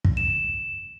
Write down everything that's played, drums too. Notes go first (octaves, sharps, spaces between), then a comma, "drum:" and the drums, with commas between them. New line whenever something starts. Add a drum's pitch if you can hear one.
drum: kick
E7